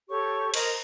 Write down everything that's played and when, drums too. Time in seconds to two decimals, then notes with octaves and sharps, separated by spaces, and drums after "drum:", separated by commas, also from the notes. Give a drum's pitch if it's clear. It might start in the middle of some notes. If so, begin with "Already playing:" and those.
0.09 G4 A4 C#5 C#6
0.54 A#4 C5 D#5 A#5, drum: cymbal